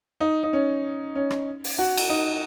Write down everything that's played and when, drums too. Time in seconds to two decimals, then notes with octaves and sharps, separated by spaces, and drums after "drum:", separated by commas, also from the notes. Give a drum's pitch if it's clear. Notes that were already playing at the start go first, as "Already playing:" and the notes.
0.20 D#4
0.43 D#4
0.53 C#4
1.15 C#4
1.30 drum: rim click
1.64 drum: open hi-hat
1.78 F#4
1.97 drum: cymbal
2.09 D#4